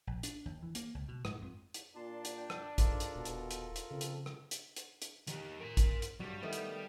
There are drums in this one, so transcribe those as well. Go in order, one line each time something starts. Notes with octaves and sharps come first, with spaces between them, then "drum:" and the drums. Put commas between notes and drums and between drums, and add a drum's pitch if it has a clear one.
A#1
D4, drum: hi-hat
D#2
E3
A#3, drum: hi-hat
C#2
B2
G#2, drum: rim click
F2
drum: hi-hat
A#2 D4 A5 C6
drum: hi-hat
G5
drum: rim click
G#2 F4 A4 A#4, drum: kick, hi-hat
drum: hi-hat
D#1 B2
drum: hi-hat
drum: hi-hat
drum: hi-hat
F2 C#3
drum: hi-hat
drum: rim click
drum: hi-hat
drum: hi-hat
drum: hi-hat
D#3 G4, drum: hi-hat
A#4 C6
drum: kick, hi-hat
drum: hi-hat
G2 F#3 G3
D#3 A3 B3
drum: hi-hat